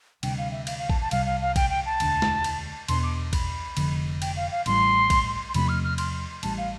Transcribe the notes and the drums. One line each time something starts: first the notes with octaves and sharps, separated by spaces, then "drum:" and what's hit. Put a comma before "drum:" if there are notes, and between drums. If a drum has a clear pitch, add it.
D2 C3 G3 D4 G5, drum: cymbal
F5
E5
F5, drum: cymbal
F5
A5, drum: kick A1
A5
C2 C3 G3 F5, drum: cymbal
F5
F5
G5, drum: kick A1, cymbal
G5
A5
E1 D2 D3, drum: cymbal
drum: snare
drum: cymbal
E2 B2 B3 D4 C6, drum: cymbal
D6
B5, drum: kick A1, cymbal
F1 F2 D3, drum: cymbal
G5, drum: cymbal
F5
F5
A1 A2 G3 C6, drum: cymbal
drum: kick A1, cymbal
C6
E2 C3 F3 A3 B5, drum: cymbal
F6
F6
C6, drum: cymbal
A1 A2 G3 A5, drum: cymbal
F5